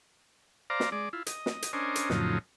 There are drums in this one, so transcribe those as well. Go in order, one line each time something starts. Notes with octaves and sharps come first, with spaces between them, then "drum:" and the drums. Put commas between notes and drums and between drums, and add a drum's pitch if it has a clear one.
C5 D5 F5 A#5
drum: snare
G#3 D5
E4 F4
D#5, drum: hi-hat
drum: snare
drum: hi-hat
C#4 D4 A#4 C5 D#5 G#5
drum: hi-hat
F2 A2 C#3 F3 F#3 D#4, drum: snare